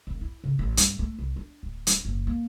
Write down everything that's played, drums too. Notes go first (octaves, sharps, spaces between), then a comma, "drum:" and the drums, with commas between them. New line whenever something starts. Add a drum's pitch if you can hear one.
E1
E4
C#3
A1
G2, drum: hi-hat
A3
C2
D4
D1
drum: hi-hat
F#1
A#3